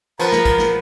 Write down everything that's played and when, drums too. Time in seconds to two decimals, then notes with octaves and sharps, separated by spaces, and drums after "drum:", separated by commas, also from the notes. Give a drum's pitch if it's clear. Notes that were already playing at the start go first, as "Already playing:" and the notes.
0.19 F3 B3 A#4 B4 A#5, drum: hi-hat
0.32 drum: snare
0.45 drum: kick, hi-hat
0.58 drum: snare